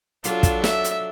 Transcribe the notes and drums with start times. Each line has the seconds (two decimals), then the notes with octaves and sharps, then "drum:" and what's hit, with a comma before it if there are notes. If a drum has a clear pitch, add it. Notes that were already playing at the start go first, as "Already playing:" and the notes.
0.24 F#3 D4 F4 A4, drum: hi-hat
0.43 drum: kick, hi-hat
0.64 E5, drum: snare
0.84 drum: hi-hat